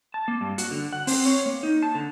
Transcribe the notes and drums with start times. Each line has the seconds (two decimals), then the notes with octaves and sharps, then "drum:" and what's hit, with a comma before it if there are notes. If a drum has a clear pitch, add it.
0.14 A5
0.28 A#3
0.41 G2
0.58 F#4, drum: hi-hat
0.71 D3
0.93 F#5
1.07 C4, drum: open hi-hat
1.26 C#5
1.46 A#3
1.63 D#4
1.83 A5
1.95 D3